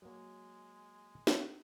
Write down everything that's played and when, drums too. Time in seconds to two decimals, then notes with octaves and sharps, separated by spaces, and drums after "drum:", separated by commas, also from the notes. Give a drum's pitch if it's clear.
0.02 F#3 G#3 A#3
1.27 drum: snare